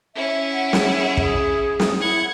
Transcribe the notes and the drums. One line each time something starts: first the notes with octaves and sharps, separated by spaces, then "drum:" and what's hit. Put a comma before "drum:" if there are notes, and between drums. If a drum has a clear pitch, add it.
C#4 E4 E5
F#5
drum: snare
G#4, drum: kick
drum: snare
E4 F#5 G#6